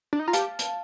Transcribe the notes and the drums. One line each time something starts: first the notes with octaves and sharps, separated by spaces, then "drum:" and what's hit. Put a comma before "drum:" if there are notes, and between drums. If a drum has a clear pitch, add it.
D4
D#4
F4 A#5
G4 F5 A5, drum: hi-hat
drum: hi-hat